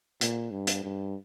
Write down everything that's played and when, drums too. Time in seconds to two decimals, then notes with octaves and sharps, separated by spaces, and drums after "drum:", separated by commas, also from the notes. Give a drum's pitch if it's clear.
0.21 A#2, drum: hi-hat
0.51 G2
0.67 drum: hi-hat
0.83 G2